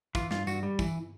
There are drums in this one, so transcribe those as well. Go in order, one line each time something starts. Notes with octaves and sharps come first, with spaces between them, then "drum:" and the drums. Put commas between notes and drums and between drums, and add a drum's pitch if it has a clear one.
E3 F4, drum: kick, tambourine
G2 F4, drum: snare
G2 F#4, drum: tambourine
G3
E3, drum: kick, tambourine